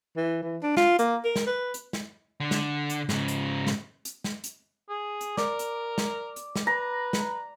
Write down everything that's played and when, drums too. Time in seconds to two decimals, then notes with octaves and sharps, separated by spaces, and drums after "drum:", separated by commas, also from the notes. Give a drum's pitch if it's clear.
0.17 E3
0.42 E3
0.63 D4
0.77 F4, drum: snare
0.99 A#3, drum: hi-hat
1.25 A#4
1.36 drum: snare
1.46 B4
1.74 drum: hi-hat
1.93 drum: snare
2.40 D3
2.51 drum: snare
2.90 drum: hi-hat
3.09 G#2 C#3, drum: snare
3.28 drum: hi-hat
3.67 drum: snare
4.05 drum: hi-hat
4.24 drum: snare
4.44 drum: hi-hat
4.89 G#4
5.21 drum: hi-hat
5.37 A#4 D5, drum: snare
5.59 drum: hi-hat
5.98 drum: snare
6.36 drum: hi-hat
6.56 drum: snare
6.67 B4 A#5
7.13 drum: snare